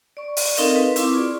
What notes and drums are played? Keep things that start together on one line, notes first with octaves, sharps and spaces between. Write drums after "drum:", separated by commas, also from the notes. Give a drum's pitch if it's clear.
D5 C#6
drum: open hi-hat
C4 D#4 A4 A#4 D#5 F5, drum: hi-hat
B4 F5
C4 E4 C#6 D6 E6, drum: hi-hat
F4 G#4 D5